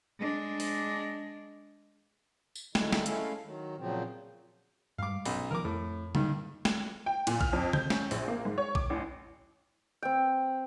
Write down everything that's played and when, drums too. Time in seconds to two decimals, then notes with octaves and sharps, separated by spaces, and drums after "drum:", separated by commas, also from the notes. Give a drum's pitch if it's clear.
0.19 G#3 D4
0.60 drum: open hi-hat
2.55 drum: tambourine
2.75 D3 D#3 F#3 G#3 E4, drum: snare
2.93 drum: snare
3.06 G#3 A3 C#4 E4 A4 F5, drum: hi-hat
3.44 D#3 F#3
3.78 A#2 C#3 F3 F#3 C4
4.98 G2 G3 G#3 F5 D6
5.25 B1 C#4, drum: open hi-hat
5.51 D#3 F3 B3 A#4 D6
5.65 F2 A2
6.15 G2 D3 D#3 A#3, drum: tom C#3
6.65 drum: snare
7.06 G5
7.27 A#2, drum: cymbal
7.41 F6, drum: kick A#1
7.53 F2
7.73 G6, drum: tom C#3
7.90 C#4, drum: snare
8.11 A#1, drum: open hi-hat
8.28 A#3
8.45 G#2
8.58 C#5
8.75 D6, drum: kick A#1
8.90 A1
10.02 C4 G5